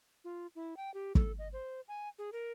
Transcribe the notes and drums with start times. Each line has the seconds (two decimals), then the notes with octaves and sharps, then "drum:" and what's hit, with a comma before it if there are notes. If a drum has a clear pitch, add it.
0.24 F4
0.55 E4
0.77 G5
0.94 G4
1.15 A4, drum: kick
1.39 D#5
1.53 C5
1.88 G#5
2.18 G#4
2.32 A#4